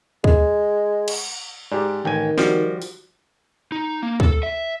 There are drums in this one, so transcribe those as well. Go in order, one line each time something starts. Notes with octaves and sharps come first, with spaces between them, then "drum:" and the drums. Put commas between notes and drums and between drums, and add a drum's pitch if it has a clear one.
G#3, drum: kick C#2
drum: cymbal
G#2 G4 D5
A1 D#3 G5 G#5
F3 G3 F#4, drum: snare
drum: open hi-hat
D#4
A#3
A4, drum: kick C#2
E5